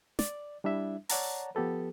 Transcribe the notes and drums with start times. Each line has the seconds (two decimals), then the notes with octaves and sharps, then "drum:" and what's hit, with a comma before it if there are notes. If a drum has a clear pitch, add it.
0.19 D5, drum: snare
0.64 G3 D4 E4 E5
1.09 C#5 D5 F#5 A5 A#5, drum: open hi-hat
1.55 F3 B3 G4 A4 B4